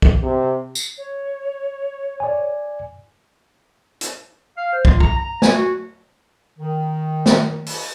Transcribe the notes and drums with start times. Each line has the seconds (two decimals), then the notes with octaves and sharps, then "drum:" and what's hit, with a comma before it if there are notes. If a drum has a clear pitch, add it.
0.02 drum: kick
0.23 C3
0.75 drum: tambourine
0.97 C#5
2.20 D5 G#5
4.01 drum: hi-hat
4.57 F5
4.73 C5
4.85 F4, drum: kick
5.00 A#5, drum: kick
5.17 A#5
5.42 G#5, drum: snare
5.54 F#4
6.58 D#3
7.26 drum: snare
7.66 drum: open hi-hat